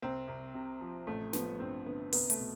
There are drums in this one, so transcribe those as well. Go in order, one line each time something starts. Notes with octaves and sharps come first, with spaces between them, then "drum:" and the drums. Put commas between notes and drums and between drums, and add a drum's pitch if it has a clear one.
C2 C4
C2
C3
F3
A1 A3
F3 B3, drum: snare
G2 C4
D3 B3
C2 B3, drum: open hi-hat
A3, drum: hi-hat
B2